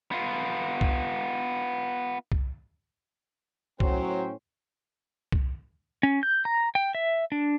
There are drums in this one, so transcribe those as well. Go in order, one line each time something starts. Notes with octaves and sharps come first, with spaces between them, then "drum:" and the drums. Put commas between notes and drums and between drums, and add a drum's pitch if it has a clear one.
B3 F4
drum: kick C2
drum: kick C2
A2 F#3 C#4 C5 G5, drum: kick C2
drum: kick C2
C#4
G6
A#5
G5
E5
D4